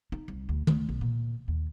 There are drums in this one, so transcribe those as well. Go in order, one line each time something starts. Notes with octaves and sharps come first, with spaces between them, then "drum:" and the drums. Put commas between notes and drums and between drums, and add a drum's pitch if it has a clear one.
D#4
C2
D2
D2, drum: tom
B1
A#2
D#2